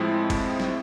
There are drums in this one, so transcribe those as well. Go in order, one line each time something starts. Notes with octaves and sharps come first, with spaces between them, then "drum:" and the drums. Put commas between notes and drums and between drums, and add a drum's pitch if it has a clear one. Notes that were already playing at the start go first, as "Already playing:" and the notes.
Already playing: A2 F3 G#3 C4 E4
drum: kick F#1, cymbal
drum: snare